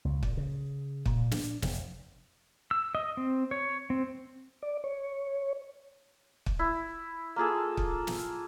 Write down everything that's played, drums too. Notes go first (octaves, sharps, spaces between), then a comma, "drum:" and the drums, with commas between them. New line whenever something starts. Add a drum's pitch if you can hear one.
C#2
A#2, drum: kick
C#3
A#2, drum: kick
D4, drum: snare
F1, drum: snare
E6
D#5
C4
C#5
C4
D5
C#5
drum: kick
E4
A#3 F4 G#4 A4
drum: kick
drum: snare